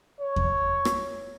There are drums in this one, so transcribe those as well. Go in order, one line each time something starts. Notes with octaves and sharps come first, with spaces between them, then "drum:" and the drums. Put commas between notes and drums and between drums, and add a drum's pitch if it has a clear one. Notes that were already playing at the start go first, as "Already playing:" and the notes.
C#5
drum: kick E2
drum: rim click